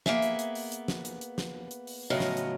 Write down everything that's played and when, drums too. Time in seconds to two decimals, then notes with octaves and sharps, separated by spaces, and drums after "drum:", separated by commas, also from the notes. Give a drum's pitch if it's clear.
0.06 A#3 B3 G#4 E5, drum: snare
0.22 drum: hi-hat
0.39 drum: hi-hat
0.55 drum: open hi-hat
0.72 drum: hi-hat
0.88 drum: snare
1.05 drum: hi-hat
1.21 drum: hi-hat
1.38 drum: snare
1.71 drum: hi-hat
1.87 drum: open hi-hat
2.10 A2 C#3 F#3 B3 F4 D#5
2.20 drum: snare
2.37 drum: hi-hat